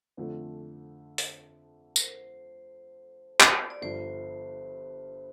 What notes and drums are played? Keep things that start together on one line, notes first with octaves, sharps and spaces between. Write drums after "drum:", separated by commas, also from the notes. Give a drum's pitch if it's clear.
F2 D3 F3 A3
drum: open hi-hat
A#4, drum: tambourine
C5
drum: clap
D5
G1 G2 F3 C5